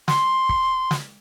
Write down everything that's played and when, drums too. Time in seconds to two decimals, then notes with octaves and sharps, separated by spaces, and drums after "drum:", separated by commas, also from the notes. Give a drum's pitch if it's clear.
0.08 C6, drum: snare
0.49 drum: kick
0.91 drum: snare